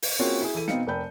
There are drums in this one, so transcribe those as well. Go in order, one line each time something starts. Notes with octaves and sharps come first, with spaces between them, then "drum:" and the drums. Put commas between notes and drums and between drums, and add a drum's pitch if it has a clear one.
drum: open hi-hat
A#3 C4 C#4 F4 F#4 G#4
E4 G#4
E3 A4 D#7
B2 B3 C4 D#4 F5 C#7, drum: snare
F1 A#4 G5 B5 G6